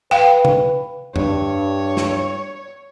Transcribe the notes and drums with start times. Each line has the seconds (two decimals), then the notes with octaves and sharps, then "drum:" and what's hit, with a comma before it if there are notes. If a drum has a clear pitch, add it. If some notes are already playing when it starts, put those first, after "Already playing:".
0.11 B4 F5 G5
0.45 drum: tom
1.16 G2 C#5, drum: tom E2
1.97 drum: snare